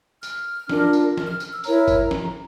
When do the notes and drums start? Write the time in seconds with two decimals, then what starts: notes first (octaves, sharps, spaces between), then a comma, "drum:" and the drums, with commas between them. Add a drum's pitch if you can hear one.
0.23 F6, drum: tambourine
0.70 D4 F4 A#4, drum: snare
0.93 drum: tambourine
1.17 F6, drum: snare
1.28 F6
1.40 F6, drum: tambourine
1.52 E6
1.64 E4 A#4 C#5 A#5, drum: tambourine
1.88 drum: kick, tambourine
2.11 drum: snare